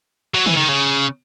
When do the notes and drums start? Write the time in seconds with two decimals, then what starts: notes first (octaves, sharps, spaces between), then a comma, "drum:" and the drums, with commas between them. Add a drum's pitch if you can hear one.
0.35 F#3
0.46 E3, drum: tom
0.57 D#3
0.69 C#3